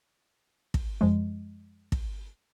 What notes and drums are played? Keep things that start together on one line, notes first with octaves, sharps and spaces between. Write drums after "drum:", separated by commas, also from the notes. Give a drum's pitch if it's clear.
drum: kick
F#2 F3 G#3
drum: kick